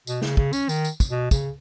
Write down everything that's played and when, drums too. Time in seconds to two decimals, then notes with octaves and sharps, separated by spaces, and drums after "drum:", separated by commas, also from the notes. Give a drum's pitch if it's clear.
0.07 B2, drum: tambourine
0.22 C#3, drum: snare
0.37 C#3, drum: kick
0.53 C#4, drum: tambourine
0.69 D#3, drum: tambourine
0.85 drum: tambourine
1.00 drum: kick, tambourine
1.11 B2
1.31 C#3, drum: kick, tambourine